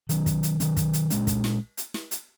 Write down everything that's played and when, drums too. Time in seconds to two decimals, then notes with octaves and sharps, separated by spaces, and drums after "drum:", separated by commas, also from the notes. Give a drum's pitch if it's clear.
0.09 D#3 F#3 C#4, drum: hi-hat
0.26 drum: kick, hi-hat
0.43 drum: hi-hat
0.60 D#3 F#3 C#4, drum: hi-hat
0.77 drum: kick, hi-hat
0.93 drum: hi-hat
1.10 A#2 G#3 C#4, drum: hi-hat
1.27 drum: kick, hi-hat
1.44 drum: snare
1.77 drum: hi-hat
1.94 drum: snare
2.11 drum: hi-hat